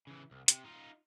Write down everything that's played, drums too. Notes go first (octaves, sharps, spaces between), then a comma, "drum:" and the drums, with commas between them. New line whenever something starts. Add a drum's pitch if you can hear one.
C#3 E3
C2
C3, drum: hi-hat
D#4 F4